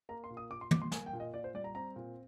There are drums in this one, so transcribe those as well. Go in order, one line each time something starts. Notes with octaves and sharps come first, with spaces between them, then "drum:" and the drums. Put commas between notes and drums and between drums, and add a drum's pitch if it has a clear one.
A#3 A#5
C6
A#2
D#6
A#2 D6
C6
G3 D6, drum: tom
C6
A#3 G#5, drum: snare
G5
A#2
D#5
A#2 D5
C5
G3 D5
A#5
C4 A#5
A#2